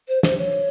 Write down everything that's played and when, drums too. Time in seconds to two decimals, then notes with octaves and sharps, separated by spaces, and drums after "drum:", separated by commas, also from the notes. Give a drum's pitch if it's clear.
0.08 C5
0.23 C5, drum: snare
0.38 C#5